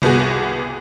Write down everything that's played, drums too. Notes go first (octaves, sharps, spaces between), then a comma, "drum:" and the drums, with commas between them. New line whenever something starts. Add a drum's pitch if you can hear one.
G1 C2 B3 F#4 G#4, drum: tom C3